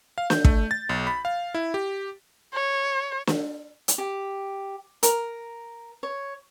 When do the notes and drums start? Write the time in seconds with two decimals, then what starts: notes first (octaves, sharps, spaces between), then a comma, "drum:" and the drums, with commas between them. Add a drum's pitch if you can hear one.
0.18 F5
0.30 G6, drum: snare
0.44 A3, drum: kick
0.71 A6
0.89 B1
1.07 B5
1.25 F5
1.54 E4
1.74 G4
2.54 C#5
3.27 drum: snare
3.88 drum: hi-hat
3.98 G4
5.03 A#4, drum: hi-hat
6.03 C#5